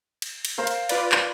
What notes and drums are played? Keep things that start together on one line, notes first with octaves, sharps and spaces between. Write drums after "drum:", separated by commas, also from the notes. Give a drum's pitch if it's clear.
drum: cymbal
drum: cymbal
A#4 C5 F5
drum: cymbal
F4 B4 D5, drum: cymbal
drum: clap